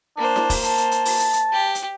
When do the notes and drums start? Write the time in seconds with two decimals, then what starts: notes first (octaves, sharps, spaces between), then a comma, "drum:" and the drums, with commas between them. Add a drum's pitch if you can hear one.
0.17 A#3 D4 C5
0.36 drum: snare E4
0.50 drum: kick E1, open hi-hat
0.64 A5, drum: hi-hat
0.78 drum: hi-hat
0.91 drum: hi-hat
1.05 drum: open hi-hat
1.19 drum: hi-hat
1.33 drum: hi-hat
1.52 G4
1.75 drum: hi-hat